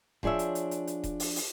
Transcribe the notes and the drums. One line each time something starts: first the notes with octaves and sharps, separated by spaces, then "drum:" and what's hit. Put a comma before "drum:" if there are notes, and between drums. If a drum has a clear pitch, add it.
F3 D4 G#4 C#5 E5, drum: kick D#1
drum: hi-hat
drum: hi-hat
drum: hi-hat
drum: hi-hat
drum: kick D#1, hi-hat
drum: open hi-hat
drum: open hi-hat